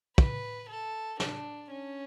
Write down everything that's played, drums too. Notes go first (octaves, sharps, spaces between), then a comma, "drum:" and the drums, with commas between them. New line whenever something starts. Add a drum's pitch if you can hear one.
B4, drum: kick
A4
D4, drum: snare
C#4